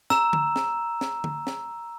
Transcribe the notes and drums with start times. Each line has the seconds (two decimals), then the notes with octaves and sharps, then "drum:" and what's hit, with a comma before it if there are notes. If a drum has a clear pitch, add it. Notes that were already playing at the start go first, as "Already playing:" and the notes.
0.10 A#5 E6 E7, drum: snare
0.33 drum: tom D3
0.56 drum: snare
1.01 drum: snare
1.24 drum: tom D3
1.47 drum: snare